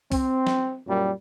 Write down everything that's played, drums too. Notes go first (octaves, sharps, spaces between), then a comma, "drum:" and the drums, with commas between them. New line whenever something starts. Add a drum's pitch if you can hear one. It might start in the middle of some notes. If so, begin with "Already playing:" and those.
C4, drum: kick, open hi-hat
drum: snare
F#2 A#2 G3